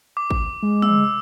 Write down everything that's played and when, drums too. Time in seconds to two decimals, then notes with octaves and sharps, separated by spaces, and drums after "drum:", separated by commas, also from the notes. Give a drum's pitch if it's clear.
0.17 D6
0.31 drum: kick
0.62 G#3
0.82 E6, drum: tom